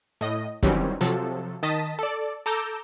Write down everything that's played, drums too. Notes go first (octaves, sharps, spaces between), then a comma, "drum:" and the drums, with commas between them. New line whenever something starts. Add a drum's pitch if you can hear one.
A2 D#5
D#3 E3 F#3 G3 C4 C#4, drum: kick
C3 F3 F#3 A4, drum: hi-hat
D#3 D#5 A5 D#6 B6
A4 D5
A4 A#5 D6 E6 G6